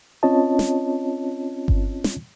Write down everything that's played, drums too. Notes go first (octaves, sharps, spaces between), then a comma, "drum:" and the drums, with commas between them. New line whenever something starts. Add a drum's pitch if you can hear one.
C4 C#4 F4 C#5 D#5 A5
drum: snare
drum: kick G1
drum: snare